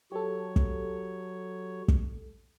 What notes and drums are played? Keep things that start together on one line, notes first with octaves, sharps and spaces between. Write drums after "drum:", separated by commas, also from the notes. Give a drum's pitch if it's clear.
F#3 G4 A4 C#5
drum: kick
drum: kick